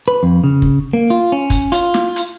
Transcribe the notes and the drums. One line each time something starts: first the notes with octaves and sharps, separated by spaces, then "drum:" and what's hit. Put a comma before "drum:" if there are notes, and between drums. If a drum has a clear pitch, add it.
B4
F2
C#3
drum: kick
A#3
F4
C#4
drum: kick, hi-hat
F4, drum: hi-hat
drum: snare
drum: hi-hat